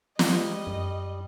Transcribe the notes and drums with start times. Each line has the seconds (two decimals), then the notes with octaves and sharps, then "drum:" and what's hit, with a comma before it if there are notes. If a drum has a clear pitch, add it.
0.19 G3 G#3 D#5, drum: snare
0.67 F#2